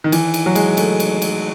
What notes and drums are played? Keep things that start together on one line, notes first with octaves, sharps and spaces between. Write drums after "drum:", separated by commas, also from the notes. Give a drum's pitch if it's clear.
D#3
E3, drum: cymbal
drum: cymbal
F#3
G#3, drum: cymbal
A3, drum: cymbal
drum: cymbal
drum: cymbal